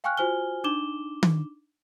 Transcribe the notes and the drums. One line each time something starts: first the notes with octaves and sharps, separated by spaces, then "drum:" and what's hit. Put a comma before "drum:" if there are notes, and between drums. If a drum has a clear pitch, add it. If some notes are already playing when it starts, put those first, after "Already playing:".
F5 G5 G#5 C#6 F6 F#6
F4 F#4 C5 G#5 F6 G7
D4 D#4 D6 E7 G7
drum: tom D#3